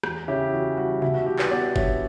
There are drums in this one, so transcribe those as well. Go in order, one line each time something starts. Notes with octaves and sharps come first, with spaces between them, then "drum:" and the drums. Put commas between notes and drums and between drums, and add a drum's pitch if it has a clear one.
E2, drum: rim click
C#3 E4 G4
E3 F#4
G3 F#4
B2 E4, drum: tom C3
F#4
G3 E4 G4
B4 D5, drum: clap
B3 D5 F#5
D4 C#5 E5, drum: kick F#1